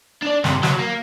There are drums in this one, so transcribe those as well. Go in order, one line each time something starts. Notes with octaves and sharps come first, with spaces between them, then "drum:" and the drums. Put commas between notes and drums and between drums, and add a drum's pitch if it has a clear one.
D4 D5
G2 C3, drum: snare
F#3, drum: snare
A#3